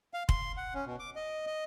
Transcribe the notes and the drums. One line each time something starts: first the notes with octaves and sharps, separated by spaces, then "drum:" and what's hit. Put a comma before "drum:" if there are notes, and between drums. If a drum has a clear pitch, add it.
F5
C6, drum: kick
F#5
C#4
B2
D6
D#5
D#5